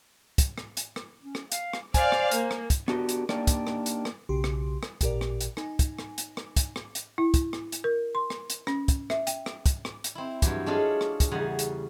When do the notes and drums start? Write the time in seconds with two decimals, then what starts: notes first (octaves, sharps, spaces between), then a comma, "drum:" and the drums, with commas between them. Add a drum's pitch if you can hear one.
0.38 drum: kick, hi-hat
0.58 drum: rim click
0.77 drum: hi-hat
0.96 drum: rim click
1.23 C#4
1.35 drum: rim click
1.52 F5, drum: hi-hat
1.73 drum: rim click
1.94 C5 D5 F5 G#5, drum: kick, hi-hat
2.12 drum: rim click
2.31 A#3, drum: hi-hat
2.51 drum: rim click
2.70 drum: kick, hi-hat
2.88 B3 D4 F#4 G4 A#4, drum: rim click
3.09 drum: hi-hat
3.29 A#3 D4 D#4 G4 A#4 D5, drum: rim click
3.47 drum: kick, hi-hat
3.67 drum: rim click
3.86 drum: hi-hat
4.05 drum: rim click
4.29 B1 C#3 G4 C6
4.44 drum: rim click
4.83 drum: rim click
5.01 A1 A#2 G4 A#4 D5, drum: kick, hi-hat
5.21 drum: rim click
5.41 drum: hi-hat
5.57 D#4 G#5, drum: rim click
5.79 drum: kick, hi-hat
5.99 drum: rim click
6.18 drum: hi-hat
6.37 drum: rim click
6.56 drum: kick, hi-hat
6.76 drum: rim click
6.95 drum: hi-hat
7.18 E4
7.34 drum: kick, hi-hat
7.53 drum: rim click
7.72 drum: hi-hat
7.84 A#4
8.15 C6
8.30 drum: rim click
8.50 drum: hi-hat
8.67 C#4, drum: rim click
8.88 drum: kick, hi-hat
9.10 E5, drum: rim click
9.27 G5, drum: hi-hat
9.46 drum: rim click
9.66 drum: kick, hi-hat
9.85 drum: rim click
10.04 drum: hi-hat
10.15 C4 E4
10.42 G2 E3 F#3 G4, drum: kick, hi-hat
10.66 G#3 C#4 D4 F4 G#4 A4
11.01 drum: rim click
11.20 drum: kick, hi-hat
11.31 E2 C#3 G3 F#5 G#5 A#5
11.59 drum: hi-hat